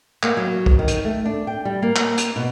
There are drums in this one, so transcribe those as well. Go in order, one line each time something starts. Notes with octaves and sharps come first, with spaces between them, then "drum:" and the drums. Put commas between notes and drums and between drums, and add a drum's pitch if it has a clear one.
A#3, drum: clap
F#3
drum: kick
D#3
drum: hi-hat
A3
D4
G5
G3
A#3
drum: clap
drum: hi-hat
B2